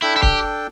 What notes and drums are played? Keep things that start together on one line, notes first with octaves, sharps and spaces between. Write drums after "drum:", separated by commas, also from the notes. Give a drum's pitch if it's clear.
D4 E4 A4 G5
E4
G4, drum: kick C#1